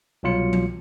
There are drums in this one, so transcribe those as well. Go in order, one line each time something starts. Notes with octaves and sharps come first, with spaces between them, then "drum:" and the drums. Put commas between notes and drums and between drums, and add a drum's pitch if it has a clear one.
C2 B2 F#3 F4 C#7
drum: tom E3